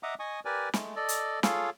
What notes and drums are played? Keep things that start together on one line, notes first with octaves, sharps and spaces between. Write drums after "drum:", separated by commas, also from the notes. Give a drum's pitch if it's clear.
D#5 E5 F#5 A#5 D6 D#6
D#5 G#5 C#6 D#6
G4 A#4 B4 D5 G#5
G#3 A3, drum: snare
A4 D5 D#5
drum: hi-hat
F4 G#4 A4 C#5 F5, drum: snare